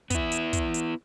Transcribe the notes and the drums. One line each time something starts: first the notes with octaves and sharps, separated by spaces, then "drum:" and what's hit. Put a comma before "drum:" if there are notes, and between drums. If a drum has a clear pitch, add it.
B3 E4, drum: kick, hi-hat
drum: hi-hat
drum: kick, hi-hat
drum: hi-hat